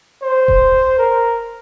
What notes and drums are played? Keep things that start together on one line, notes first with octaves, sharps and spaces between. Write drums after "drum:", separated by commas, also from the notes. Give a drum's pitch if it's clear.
C5
drum: kick D#1
A#4